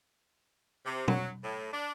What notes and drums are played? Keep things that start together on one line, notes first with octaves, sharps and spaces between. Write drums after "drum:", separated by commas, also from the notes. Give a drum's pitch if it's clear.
C3
F#3, drum: tom B2
A2
D4